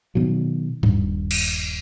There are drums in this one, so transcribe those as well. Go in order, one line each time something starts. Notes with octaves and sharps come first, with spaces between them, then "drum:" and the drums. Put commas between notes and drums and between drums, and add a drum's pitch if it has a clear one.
B2 D#3 F#3
D#1 G2, drum: tom G2
drum: cymbal